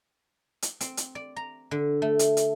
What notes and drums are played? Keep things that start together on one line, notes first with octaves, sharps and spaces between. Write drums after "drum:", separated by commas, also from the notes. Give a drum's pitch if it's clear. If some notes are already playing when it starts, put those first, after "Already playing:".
drum: hi-hat
C4, drum: hi-hat
drum: hi-hat
D5
A#5
D3
A3
drum: hi-hat
drum: hi-hat